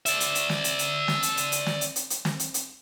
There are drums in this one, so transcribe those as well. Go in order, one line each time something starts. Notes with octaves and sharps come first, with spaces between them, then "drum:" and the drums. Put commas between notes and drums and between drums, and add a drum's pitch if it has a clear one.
D5 E5, drum: hi-hat
drum: hi-hat
drum: hi-hat
drum: snare
drum: hi-hat
drum: hi-hat
drum: snare
drum: hi-hat
drum: hi-hat
drum: hi-hat
drum: snare
drum: hi-hat
drum: hi-hat
drum: hi-hat
drum: snare
drum: hi-hat
drum: hi-hat